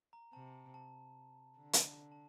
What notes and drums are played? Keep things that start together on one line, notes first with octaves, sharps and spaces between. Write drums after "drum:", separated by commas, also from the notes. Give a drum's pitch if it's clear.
A#5
C3 A5
A5
D3
drum: hi-hat
A5